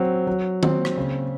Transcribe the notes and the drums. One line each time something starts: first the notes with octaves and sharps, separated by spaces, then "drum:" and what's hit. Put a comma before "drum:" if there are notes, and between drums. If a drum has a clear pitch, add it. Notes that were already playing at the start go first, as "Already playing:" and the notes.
Already playing: F#3 C4
F#3
C4, drum: tom D#3
drum: rim click
C#3